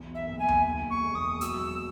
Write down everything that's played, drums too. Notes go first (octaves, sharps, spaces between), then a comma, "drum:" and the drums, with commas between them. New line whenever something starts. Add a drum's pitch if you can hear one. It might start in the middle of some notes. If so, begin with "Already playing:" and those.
Already playing: B1 E2
E5
F#1
G#5
drum: tom D#2
D#2
C#6
E1
D#6
F#3 E6, drum: hi-hat